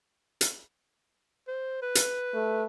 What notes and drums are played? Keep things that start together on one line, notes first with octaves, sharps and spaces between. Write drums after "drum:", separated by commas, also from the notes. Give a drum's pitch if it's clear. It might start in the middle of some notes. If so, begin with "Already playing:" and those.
drum: hi-hat
C5
B4
drum: hi-hat
A3